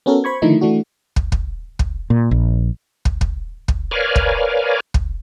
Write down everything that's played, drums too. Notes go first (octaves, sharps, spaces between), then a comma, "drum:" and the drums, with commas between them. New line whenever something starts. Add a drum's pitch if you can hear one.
B3 C#4 F#4 A4 A#4
C5 B5 C#6 G#6
D3 D#3 F3 A3 D#4 E4
E3 A3 D4 F#4
drum: kick
drum: kick
drum: kick
A#2
A#1
drum: kick
drum: kick
drum: kick
A#4 B4 C#5 D5 F5 G#5
drum: kick
drum: kick